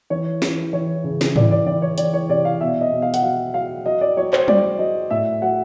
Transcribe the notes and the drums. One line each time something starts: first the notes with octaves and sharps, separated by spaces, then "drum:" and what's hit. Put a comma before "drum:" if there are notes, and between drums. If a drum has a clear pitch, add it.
E3 C#5
E3, drum: snare
E3 C#5
C#3
drum: snare
E3 D5, drum: tom G#2
D5
E3 D5
C#5
E3 D5, drum: hi-hat
C#5
C3 D5
F5
B2 E5
D#5
B2
F5
F#5, drum: hi-hat
F#3 F5
F#3 F5
F#3 D#5
D5
F#3 C#5
C5, drum: clap
F#3 D5, drum: tom F#3
F#3 D#5
A2 E5
F#3 F#5